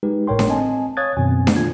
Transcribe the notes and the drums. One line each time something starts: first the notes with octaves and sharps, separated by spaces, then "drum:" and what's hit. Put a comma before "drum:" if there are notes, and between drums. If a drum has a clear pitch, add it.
G#3 D#4 G4 B4
G#1 A2 A#4 C#5 G5 C6
drum: snare D4
C4 D#5 G#5 A5
C#5 F5 D#6 F#6 G#6 A6
F#2 B2 D#3 C4 G#5
drum: snare D4
D#3 F4 G#6